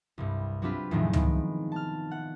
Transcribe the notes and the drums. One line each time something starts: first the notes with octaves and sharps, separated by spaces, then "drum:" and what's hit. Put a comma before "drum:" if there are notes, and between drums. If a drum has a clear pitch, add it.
C2 G2
F#3 C4 D4 F4 G4 B4
E2 A2 C3 D#3 F3 G#3
D#3 B3, drum: tom C#2
A5 F6
F#5